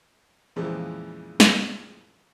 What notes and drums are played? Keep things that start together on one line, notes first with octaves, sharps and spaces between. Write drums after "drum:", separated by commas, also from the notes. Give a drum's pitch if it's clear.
F2 A#2 C#3 E3 F3 G#3
drum: snare